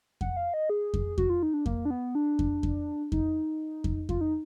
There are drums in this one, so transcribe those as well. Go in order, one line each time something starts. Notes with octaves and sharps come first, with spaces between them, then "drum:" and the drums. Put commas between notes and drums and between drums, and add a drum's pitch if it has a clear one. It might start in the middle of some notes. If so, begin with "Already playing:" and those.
F#5, drum: kick F2
F5
D#5
G#4
drum: kick F2
F#4, drum: kick F2
F4
D#4
D4
A#3, drum: kick F2
D4
B3
D4
drum: kick F2
drum: kick F2
D#4, drum: kick F2
drum: kick F2
F4, drum: kick F2
D#4